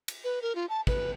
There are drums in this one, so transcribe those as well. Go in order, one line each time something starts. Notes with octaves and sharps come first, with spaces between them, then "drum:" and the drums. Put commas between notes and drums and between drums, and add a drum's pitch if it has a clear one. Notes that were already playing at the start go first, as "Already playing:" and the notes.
drum: cymbal
B4
A#4
F4
A5
B4, drum: kick